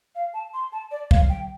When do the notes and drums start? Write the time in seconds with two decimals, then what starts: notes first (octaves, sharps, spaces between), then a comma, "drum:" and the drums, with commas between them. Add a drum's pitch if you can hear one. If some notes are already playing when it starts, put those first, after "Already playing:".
0.15 F5
0.34 A5
0.54 C6
0.72 A5
0.91 D5
1.11 F5, drum: kick
1.29 G5